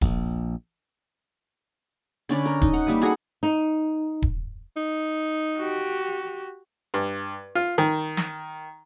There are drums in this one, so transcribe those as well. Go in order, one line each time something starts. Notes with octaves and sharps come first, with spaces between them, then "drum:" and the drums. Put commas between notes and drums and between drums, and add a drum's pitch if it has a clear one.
A#1, drum: kick D#1
D3 C#4 D5 B5
A#4
D#4, drum: kick D#1
F#5
G3 A#3 B4
F#4 G#4 A4 F#5, drum: hi-hat
D#4
drum: kick D#1
D#4
F#4 G4
G2
F4
D#3
drum: snare